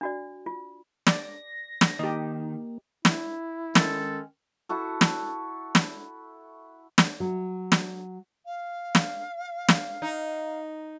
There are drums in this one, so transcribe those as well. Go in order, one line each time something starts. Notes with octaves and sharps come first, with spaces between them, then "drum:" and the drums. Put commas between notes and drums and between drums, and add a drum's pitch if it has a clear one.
D4 F#4 D5
F4
D5 A#6, drum: snare
drum: snare
D#3 A#3 G4 D#5
E4, drum: snare
D#3 G#3 C#4 A4, drum: snare
E4 F#4 A4
drum: snare
drum: snare
drum: snare
F#3
drum: snare
F5
drum: snare
drum: snare
D#4